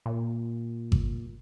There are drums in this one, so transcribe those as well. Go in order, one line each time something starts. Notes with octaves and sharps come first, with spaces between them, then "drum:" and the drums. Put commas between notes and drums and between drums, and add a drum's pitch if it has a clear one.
A#2
drum: kick G#1